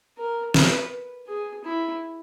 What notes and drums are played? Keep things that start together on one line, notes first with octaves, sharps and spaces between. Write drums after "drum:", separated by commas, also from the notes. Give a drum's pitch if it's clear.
A#4
B4, drum: snare
G#4
E4